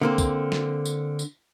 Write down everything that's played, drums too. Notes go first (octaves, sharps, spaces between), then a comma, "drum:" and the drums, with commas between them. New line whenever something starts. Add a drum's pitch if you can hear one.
D3 A#3 C4
drum: kick, tambourine
drum: snare
drum: tambourine
drum: tambourine